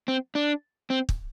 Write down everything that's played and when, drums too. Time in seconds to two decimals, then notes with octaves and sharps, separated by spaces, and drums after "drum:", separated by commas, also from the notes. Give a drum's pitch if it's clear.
0.08 C4
0.35 D4
0.90 C4
1.09 drum: kick